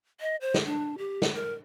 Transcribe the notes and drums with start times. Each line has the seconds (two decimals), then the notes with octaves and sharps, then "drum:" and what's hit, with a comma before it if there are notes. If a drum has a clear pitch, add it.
0.21 D#5
0.41 C5
0.54 drum: snare
0.66 D4
0.98 G4
1.22 drum: snare
1.34 A#4